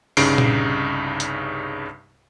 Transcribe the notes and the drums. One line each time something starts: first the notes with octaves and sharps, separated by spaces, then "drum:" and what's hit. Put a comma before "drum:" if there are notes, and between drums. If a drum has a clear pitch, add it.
C2 G2 C#3 D#4 C7 D7, drum: open hi-hat
drum: tom A#2
drum: hi-hat